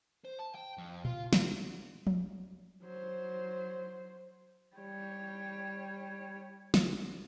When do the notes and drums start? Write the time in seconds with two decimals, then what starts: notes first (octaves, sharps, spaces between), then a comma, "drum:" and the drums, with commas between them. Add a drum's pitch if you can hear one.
0.25 C5
0.39 A5
0.55 G5
0.78 F2
1.05 F4, drum: tom A#2
1.33 F#4, drum: snare
2.07 drum: tom F3
2.83 F#3 C5
4.77 G3 C#5
6.74 drum: snare